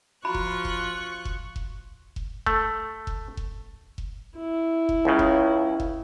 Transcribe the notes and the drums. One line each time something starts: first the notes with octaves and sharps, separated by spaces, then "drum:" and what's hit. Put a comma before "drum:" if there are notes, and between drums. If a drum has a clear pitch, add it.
F3 F4 F#4 A#5 B5 C#6 F#6
drum: kick F1
drum: kick F1
drum: kick F1
drum: kick F1
drum: kick F1
A3, drum: kick F1
drum: kick F1
drum: kick F1
drum: kick F1
E4
drum: kick F1
C#2 C#3
drum: kick F1
drum: kick F1